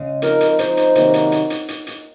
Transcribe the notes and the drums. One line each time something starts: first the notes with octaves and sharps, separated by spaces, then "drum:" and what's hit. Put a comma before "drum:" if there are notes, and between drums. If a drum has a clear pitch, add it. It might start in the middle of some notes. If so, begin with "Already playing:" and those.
Already playing: C#3 G#3
F3 C4 D#4 A#4, drum: hi-hat
drum: hi-hat
F3 G#3 D#4 G#4 C5, drum: hi-hat
drum: hi-hat
C3 D#3 F#3 A#3, drum: hi-hat
drum: hi-hat
drum: hi-hat
drum: hi-hat
drum: hi-hat
drum: hi-hat